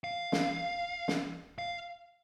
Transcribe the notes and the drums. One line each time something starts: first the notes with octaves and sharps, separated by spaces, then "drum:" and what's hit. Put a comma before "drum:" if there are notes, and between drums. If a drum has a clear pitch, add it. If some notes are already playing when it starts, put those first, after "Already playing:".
F5
drum: snare
drum: snare
F5